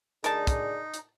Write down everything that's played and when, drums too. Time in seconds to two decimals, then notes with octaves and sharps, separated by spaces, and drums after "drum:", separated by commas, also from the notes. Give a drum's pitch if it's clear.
0.24 D2 D#4 G#4 A#4 D5 A5, drum: hi-hat
0.47 drum: kick, hi-hat
0.94 drum: hi-hat